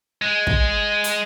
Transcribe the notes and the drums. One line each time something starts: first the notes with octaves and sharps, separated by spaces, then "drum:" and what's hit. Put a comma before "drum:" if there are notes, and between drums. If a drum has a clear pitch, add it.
G#3
drum: kick
drum: hi-hat